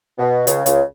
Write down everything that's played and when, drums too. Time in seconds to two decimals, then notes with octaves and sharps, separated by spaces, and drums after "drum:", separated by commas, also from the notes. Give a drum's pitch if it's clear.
0.18 B2
0.47 C#2 C#3, drum: hi-hat
0.66 C#2 C#3, drum: hi-hat